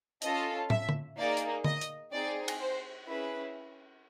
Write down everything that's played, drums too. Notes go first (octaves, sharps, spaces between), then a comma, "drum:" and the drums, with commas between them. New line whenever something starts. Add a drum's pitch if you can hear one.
C#4 F4 A4 D#5, drum: hi-hat
E5, drum: tom
drum: tom D3
A#3 D#4 G#4 D5
drum: hi-hat
D#5, drum: tom D3
drum: hi-hat
C4 D#4 G#4 D5
drum: cymbal
C5
C#4 E4 G#4 B4